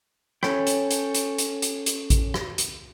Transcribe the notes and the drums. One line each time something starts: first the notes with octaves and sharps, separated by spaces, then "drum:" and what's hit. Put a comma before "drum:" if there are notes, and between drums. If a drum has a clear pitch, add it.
C#4 A4 C#5 G5, drum: rim click
drum: hi-hat
drum: hi-hat
drum: hi-hat
drum: hi-hat
drum: hi-hat
drum: hi-hat
drum: kick A1, hi-hat
drum: rim click
drum: hi-hat